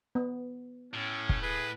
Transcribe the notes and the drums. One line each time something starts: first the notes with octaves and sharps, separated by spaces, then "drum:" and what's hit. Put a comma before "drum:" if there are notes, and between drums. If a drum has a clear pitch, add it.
B3
A2 C#4
drum: kick
G#4 B4